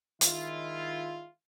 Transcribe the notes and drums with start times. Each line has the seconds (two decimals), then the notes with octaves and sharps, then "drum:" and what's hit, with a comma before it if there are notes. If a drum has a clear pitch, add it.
0.21 D#3 G#3 E4 F4, drum: hi-hat